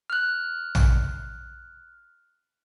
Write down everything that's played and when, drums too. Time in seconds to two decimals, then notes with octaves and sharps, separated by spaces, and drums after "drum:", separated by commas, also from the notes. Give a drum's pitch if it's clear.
0.10 F6 F#6
0.75 drum: tom A#1